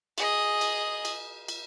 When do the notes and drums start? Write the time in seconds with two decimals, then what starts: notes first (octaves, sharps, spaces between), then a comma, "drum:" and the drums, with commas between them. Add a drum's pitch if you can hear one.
0.18 G#4 D#5, drum: cymbal
0.61 drum: cymbal
1.05 drum: cymbal
1.48 drum: cymbal